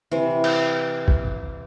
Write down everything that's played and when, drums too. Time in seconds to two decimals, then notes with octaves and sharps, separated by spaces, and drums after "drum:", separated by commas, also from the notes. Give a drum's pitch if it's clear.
0.12 C3 E3
0.44 drum: cymbal
1.08 drum: kick